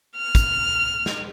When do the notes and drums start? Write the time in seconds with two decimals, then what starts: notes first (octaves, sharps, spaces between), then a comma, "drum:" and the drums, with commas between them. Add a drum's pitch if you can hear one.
0.17 F6
0.35 drum: kick, hi-hat
1.06 drum: snare